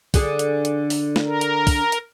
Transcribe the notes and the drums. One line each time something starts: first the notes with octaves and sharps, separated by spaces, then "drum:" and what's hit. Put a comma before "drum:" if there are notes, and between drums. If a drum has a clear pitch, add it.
D3 G#4, drum: kick, open hi-hat
drum: hi-hat
drum: hi-hat
drum: open hi-hat
drum: snare
A#4
drum: hi-hat
drum: kick, open hi-hat
drum: hi-hat